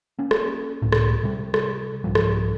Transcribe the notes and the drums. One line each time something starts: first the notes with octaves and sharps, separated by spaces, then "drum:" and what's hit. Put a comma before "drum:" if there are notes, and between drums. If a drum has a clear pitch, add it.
A#3 C#4
drum: rim click
C#2 A2
drum: rim click
C3 G3
drum: rim click
C2 G#2 F3 G3
drum: rim click